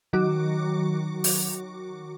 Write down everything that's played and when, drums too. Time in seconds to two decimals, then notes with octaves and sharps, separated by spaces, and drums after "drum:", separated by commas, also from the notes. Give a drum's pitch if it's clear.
0.13 D#3 F#3 F#4 D6
1.24 drum: open hi-hat